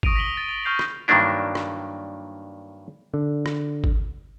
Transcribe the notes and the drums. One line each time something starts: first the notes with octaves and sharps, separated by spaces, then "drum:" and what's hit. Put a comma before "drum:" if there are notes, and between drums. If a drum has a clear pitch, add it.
C#6 D#6 A#6 D7 D#7 F7, drum: kick G#1
A#6 B6 C#7 F#7 G7
A6
A6 D#7
C#6 F6 G6 C7 F7 G7
drum: rim click
G2 D#3 F#3 A#3 D4 E4
drum: rim click
D3
drum: rim click
drum: kick G#1